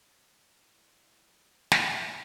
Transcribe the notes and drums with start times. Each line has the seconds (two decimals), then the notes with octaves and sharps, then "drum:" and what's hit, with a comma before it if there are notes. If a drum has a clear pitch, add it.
0.20 D3 F#3 A3 C5
0.42 D5
0.62 E4
0.84 D4
1.05 D3 F#3 A3 E4
1.72 drum: snare
1.92 D3 F#3 A3